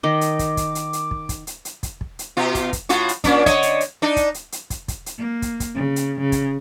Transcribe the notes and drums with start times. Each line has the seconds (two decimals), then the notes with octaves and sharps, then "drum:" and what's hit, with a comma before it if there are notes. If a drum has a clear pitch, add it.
0.03 D#3 D#5 D6
0.21 drum: hi-hat
0.39 drum: kick, hi-hat
0.57 drum: kick, hi-hat
0.75 drum: hi-hat
0.93 drum: hi-hat
1.11 drum: kick
1.29 drum: kick, hi-hat
1.47 drum: hi-hat
1.65 drum: hi-hat
1.83 drum: kick, hi-hat
2.01 drum: kick
2.19 drum: hi-hat
2.37 B2 F4
2.55 drum: kick, hi-hat
2.73 drum: kick, hi-hat
2.89 A2 F4 F#4, drum: hi-hat
3.09 drum: hi-hat
3.24 A#2 C#4 D4, drum: kick, hi-hat
3.46 D3 C#5 D#5, drum: kick, hi-hat
3.63 drum: hi-hat
3.81 drum: hi-hat
4.02 D4 D#4
4.16 drum: kick, hi-hat
4.34 drum: hi-hat
4.52 drum: hi-hat
4.70 drum: kick, hi-hat
4.88 drum: kick, hi-hat
5.06 drum: hi-hat
5.18 A#3
5.42 drum: kick, hi-hat
5.60 drum: kick, hi-hat
5.75 C#3
5.96 drum: hi-hat
6.20 C#3
6.32 drum: kick, hi-hat